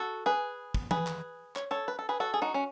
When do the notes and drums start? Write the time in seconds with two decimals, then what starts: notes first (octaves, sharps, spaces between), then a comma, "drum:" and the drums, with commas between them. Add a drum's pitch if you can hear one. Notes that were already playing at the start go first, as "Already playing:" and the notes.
Already playing: F#4 A4
0.26 G#4 B4
0.74 drum: kick
0.91 G#4 B4, drum: tom E3
1.07 drum: clap
1.56 C#5, drum: clap
1.71 A4 C#5
1.88 B4
1.99 A4
2.09 G#4 B4
2.20 F#4 A4
2.34 G#4
2.42 D#4 F#4
2.54 C#4